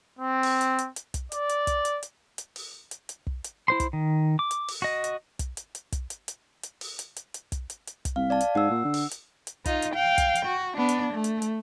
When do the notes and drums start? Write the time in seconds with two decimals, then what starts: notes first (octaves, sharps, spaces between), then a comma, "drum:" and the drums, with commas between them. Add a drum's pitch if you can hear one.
0.19 C4
0.43 drum: open hi-hat
0.61 drum: hi-hat
0.79 drum: hi-hat
0.96 drum: hi-hat
1.14 drum: kick, hi-hat
1.32 D5, drum: hi-hat
1.49 drum: hi-hat
1.67 drum: kick, hi-hat
1.85 drum: hi-hat
2.03 drum: hi-hat
2.38 drum: hi-hat
2.56 drum: open hi-hat
2.91 drum: hi-hat
3.09 drum: hi-hat
3.27 drum: kick
3.44 drum: hi-hat
3.68 E4 C5 C6
3.80 drum: kick, hi-hat
3.93 D#3
4.39 D6
4.51 drum: hi-hat
4.68 drum: open hi-hat
4.82 F#4 D#5
5.04 drum: hi-hat
5.39 drum: kick, hi-hat
5.57 drum: hi-hat
5.75 drum: hi-hat
5.92 drum: kick, hi-hat
6.10 drum: hi-hat
6.28 drum: hi-hat
6.63 drum: hi-hat
6.81 drum: open hi-hat
6.99 drum: hi-hat
7.16 drum: hi-hat
7.34 drum: hi-hat
7.52 drum: kick, hi-hat
7.70 drum: hi-hat
7.87 drum: hi-hat
8.05 drum: kick, hi-hat
8.16 C2 F5
8.30 D5 F5 A5
8.41 drum: hi-hat
8.55 G#2 F#5 E6
8.71 A#2
8.85 D3
8.94 drum: open hi-hat
9.11 drum: hi-hat
9.47 drum: hi-hat
9.65 D#4 F4, drum: kick, hi-hat
9.82 drum: hi-hat
9.95 F5 G5
10.18 drum: kick, hi-hat
10.35 drum: hi-hat
10.46 F#4
10.77 B3 D4
10.89 drum: hi-hat
11.14 A3
11.24 drum: hi-hat
11.42 drum: hi-hat